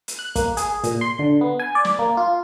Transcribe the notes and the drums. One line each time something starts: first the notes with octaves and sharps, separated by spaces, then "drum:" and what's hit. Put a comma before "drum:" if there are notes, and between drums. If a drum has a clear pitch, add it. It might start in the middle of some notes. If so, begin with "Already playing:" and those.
drum: hi-hat
F#6
A#3, drum: kick, hi-hat
G#4, drum: hi-hat
A#2, drum: hi-hat
C6
D3
B3
G#5
D5
drum: snare
A#3
F4